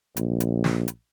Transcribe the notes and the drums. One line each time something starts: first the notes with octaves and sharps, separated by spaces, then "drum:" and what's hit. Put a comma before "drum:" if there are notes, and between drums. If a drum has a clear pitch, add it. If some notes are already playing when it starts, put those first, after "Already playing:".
A#1, drum: hi-hat
drum: hi-hat
drum: snare
drum: hi-hat